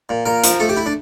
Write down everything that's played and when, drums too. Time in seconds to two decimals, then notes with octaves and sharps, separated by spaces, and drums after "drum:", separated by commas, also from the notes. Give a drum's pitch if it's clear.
0.09 A#2
0.26 A#2 A#4
0.44 F3, drum: hi-hat
0.60 A3 A4
0.69 G4
0.77 E4
0.86 D4